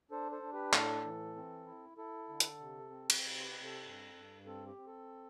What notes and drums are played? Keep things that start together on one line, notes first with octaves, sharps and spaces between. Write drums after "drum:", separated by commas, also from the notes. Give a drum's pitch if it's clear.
D4 A4 C5
A4 C5
D4
G4 B4
A2 A4, drum: clap
E3
C4
E4
E4 A4
D3
drum: hi-hat
C3
C4
drum: cymbal
C3
C5
G4 B4
C4
A4
G2
G2
C4 A4
G4
C4
A4